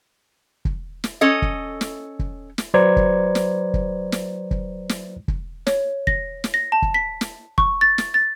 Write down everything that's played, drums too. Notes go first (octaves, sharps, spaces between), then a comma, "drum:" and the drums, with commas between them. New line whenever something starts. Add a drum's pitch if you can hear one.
drum: kick
drum: snare
C#4 A4 D#5
drum: kick
drum: snare
drum: kick
drum: snare
F#3 B4 C5 D5 A#5 G#6
drum: kick
drum: snare
drum: kick
drum: snare
drum: kick
drum: snare
drum: kick
C#5, drum: snare
A#6, drum: kick
drum: snare
A#6
A5
drum: kick
B6
drum: snare
C#6, drum: kick
A6
drum: snare
A6